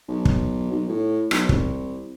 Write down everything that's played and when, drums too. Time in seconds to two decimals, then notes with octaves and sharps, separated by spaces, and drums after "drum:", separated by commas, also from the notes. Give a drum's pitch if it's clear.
0.08 B1
0.25 drum: kick
0.72 B1
0.88 A2
1.31 B1, drum: rim click
1.49 C2, drum: kick